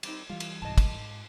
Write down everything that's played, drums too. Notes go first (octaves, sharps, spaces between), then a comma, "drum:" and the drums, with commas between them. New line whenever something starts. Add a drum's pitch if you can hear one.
G3 C4 D#4, drum: cymbal
E3 G3 F4
drum: cymbal
C2 G#2 D#5 A5
drum: kick, cymbal
G#2